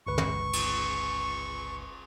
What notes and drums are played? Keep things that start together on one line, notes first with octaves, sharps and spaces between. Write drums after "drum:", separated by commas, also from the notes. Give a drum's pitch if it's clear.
G1 C#2 B4 C#6
drum: tom
drum: cymbal